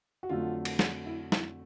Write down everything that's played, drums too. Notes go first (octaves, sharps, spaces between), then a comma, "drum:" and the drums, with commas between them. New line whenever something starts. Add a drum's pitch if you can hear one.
F#4
F2 D3 F#3 A3 F4
drum: cymbal
drum: snare
E4
E4, drum: snare